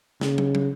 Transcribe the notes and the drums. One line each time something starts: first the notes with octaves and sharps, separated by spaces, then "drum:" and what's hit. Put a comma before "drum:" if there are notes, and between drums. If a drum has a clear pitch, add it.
C#3, drum: snare
drum: tom
drum: tom